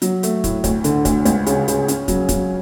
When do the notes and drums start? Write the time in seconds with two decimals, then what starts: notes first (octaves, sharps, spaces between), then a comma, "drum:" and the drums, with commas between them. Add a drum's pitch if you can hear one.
0.02 F#3, drum: hi-hat
0.23 A3, drum: hi-hat
0.44 A2, drum: kick, hi-hat
0.64 D2, drum: kick, hi-hat
0.84 D3, drum: hi-hat
1.05 D2, drum: kick, hi-hat
1.25 C#2, drum: hi-hat
1.46 C#3, drum: hi-hat
1.68 C#3, drum: hi-hat
1.88 C#4, drum: hi-hat
2.08 F#3, drum: kick, hi-hat
2.29 F#3, drum: kick, hi-hat